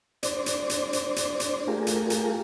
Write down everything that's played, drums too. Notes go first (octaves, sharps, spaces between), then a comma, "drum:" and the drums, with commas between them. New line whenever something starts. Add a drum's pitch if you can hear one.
D4 C5 D5, drum: hi-hat
drum: hi-hat
drum: hi-hat
drum: hi-hat
drum: hi-hat
drum: hi-hat
A3 F4 G4 G#4 A#4
drum: hi-hat
drum: hi-hat